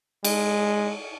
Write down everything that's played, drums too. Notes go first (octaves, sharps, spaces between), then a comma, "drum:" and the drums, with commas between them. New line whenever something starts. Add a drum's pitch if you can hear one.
G#3, drum: cymbal